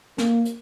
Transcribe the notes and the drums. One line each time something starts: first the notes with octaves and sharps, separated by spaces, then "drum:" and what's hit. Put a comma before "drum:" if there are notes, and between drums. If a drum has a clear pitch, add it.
A#3, drum: snare
drum: hi-hat